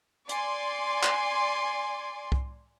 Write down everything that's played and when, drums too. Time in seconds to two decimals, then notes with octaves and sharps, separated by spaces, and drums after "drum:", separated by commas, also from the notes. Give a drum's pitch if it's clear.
0.29 D5 G#5 C6, drum: hi-hat
1.03 drum: clap
2.32 drum: kick